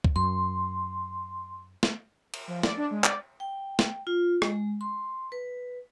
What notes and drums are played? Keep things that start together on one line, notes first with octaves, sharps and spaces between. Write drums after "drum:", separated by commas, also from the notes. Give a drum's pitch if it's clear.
drum: kick
F#2 C6
drum: snare
drum: cymbal
F3
D5, drum: snare
D4
G#3
D5, drum: clap
G5
drum: snare
F4
G#3, drum: rim click
C6
B4